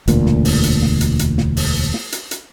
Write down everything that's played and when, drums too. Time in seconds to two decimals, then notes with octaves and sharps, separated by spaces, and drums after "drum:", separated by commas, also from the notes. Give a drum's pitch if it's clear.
0.08 E1 D2 A#2, drum: hi-hat
0.26 drum: snare
0.45 drum: open hi-hat
0.63 drum: hi-hat
0.82 drum: snare
1.01 drum: hi-hat
1.19 drum: hi-hat
1.38 drum: snare
1.57 drum: open hi-hat
1.94 drum: snare
2.12 drum: hi-hat
2.31 drum: hi-hat